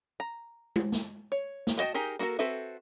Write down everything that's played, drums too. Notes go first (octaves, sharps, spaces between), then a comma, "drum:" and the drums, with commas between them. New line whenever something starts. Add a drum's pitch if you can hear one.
A#5
drum: tom
drum: snare
C#5
drum: snare
B3 F#4 D#5 G5 A5
D#4 G4 G#4 A#4
A#3 F#4 A4 A#4
C4 F#4 A4 B4 E5